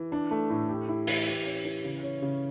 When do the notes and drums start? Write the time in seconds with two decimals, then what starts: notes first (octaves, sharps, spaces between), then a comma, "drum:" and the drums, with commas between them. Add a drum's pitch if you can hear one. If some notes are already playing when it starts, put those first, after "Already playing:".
Already playing: E3
0.12 D4
0.31 A3
0.50 A2
0.69 G4
0.88 E4
1.07 E3, drum: open hi-hat
1.27 G4
1.46 C#4
1.65 E3
1.84 C#3
2.03 C#4
2.22 C#3